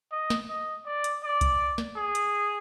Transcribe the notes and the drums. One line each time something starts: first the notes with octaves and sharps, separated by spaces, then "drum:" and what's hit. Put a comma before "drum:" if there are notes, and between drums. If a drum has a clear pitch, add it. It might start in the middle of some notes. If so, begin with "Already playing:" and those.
D#5
drum: snare
D#5
D5
drum: hi-hat
D5
drum: kick C2, hi-hat
drum: snare
G#4
drum: hi-hat